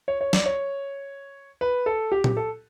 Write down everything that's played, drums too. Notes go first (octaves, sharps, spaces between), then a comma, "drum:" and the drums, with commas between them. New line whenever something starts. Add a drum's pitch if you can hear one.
C#5
C#5
D5, drum: snare
C#5
B4
A4
G4
G4, drum: tom A#2
A4